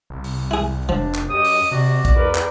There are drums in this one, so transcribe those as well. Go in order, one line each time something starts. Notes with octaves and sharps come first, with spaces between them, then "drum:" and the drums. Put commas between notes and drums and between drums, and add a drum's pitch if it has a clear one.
C2
drum: open hi-hat
E4 G#4
F1 F3 D4
drum: clap
F#2 G4 D#5 D#6
drum: open hi-hat
C3 F#4 D5
drum: kick, hi-hat
E2 A#4 B4 D5
drum: clap